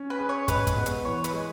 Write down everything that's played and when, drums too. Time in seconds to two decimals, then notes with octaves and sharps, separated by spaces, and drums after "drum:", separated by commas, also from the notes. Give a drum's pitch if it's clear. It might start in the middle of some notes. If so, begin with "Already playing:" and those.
Already playing: C#4
0.10 B4
0.19 G#4
0.29 C#5
0.48 G#3 B4, drum: kick, hi-hat
0.67 drum: kick, hi-hat
0.77 B3
0.86 drum: hi-hat
1.05 E3 C#5
1.24 B4, drum: hi-hat
1.33 G#3